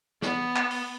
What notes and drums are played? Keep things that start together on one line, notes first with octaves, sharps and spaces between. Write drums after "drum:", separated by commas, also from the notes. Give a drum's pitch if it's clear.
B3, drum: snare
drum: clap
drum: open hi-hat